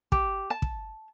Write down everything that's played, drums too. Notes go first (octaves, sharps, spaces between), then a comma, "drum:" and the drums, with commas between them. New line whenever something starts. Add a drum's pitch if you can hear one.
G4, drum: kick
A5
drum: kick